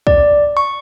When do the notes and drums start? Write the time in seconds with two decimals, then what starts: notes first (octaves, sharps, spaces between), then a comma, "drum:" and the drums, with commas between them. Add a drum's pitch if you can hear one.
0.07 D5, drum: kick
0.57 C#6